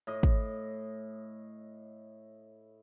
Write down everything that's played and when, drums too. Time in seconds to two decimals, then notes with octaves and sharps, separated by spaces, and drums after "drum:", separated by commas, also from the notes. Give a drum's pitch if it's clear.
0.07 A2 D#5
0.23 drum: kick